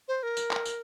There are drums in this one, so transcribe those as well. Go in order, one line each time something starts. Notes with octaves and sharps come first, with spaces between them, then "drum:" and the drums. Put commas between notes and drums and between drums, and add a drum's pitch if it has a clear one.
C5
A#4
drum: tambourine
drum: clap
drum: tambourine